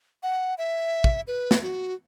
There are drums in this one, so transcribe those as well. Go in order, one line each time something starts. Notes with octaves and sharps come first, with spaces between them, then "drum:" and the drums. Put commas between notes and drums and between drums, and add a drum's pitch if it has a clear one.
F#5
E5
drum: kick
B4
drum: snare
F#4